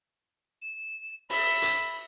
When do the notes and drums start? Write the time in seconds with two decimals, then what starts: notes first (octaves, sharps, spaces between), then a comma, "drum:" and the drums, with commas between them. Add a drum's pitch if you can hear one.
0.62 E7
1.30 E5 B5, drum: open hi-hat
1.62 drum: hi-hat